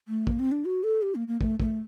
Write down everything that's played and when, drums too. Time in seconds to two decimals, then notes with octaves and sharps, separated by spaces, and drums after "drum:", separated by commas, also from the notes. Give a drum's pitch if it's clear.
0.08 A3
0.27 A#3, drum: kick
0.39 C4
0.52 D4
0.65 F#4
0.83 A4
1.02 G4
1.15 A#3
1.28 A#3
1.41 A3, drum: kick
1.60 A3, drum: kick